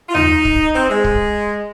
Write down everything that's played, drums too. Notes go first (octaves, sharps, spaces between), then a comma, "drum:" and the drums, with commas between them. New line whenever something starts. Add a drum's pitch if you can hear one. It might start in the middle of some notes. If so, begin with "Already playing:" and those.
F4
D#4, drum: tom D#2
drum: kick
C4
G#3
drum: kick